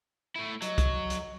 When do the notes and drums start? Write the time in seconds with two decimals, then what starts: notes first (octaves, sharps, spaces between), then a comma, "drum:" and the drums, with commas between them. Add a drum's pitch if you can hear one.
0.36 A3 E4
0.62 F#3 D#5, drum: hi-hat
0.78 drum: kick, hi-hat
1.10 drum: hi-hat